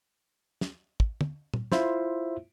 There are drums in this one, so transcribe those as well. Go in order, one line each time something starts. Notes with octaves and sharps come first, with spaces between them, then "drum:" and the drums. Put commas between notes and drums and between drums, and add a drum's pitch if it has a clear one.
drum: snare
drum: kick
drum: tom
drum: tom
E4 F4 C5 E5, drum: snare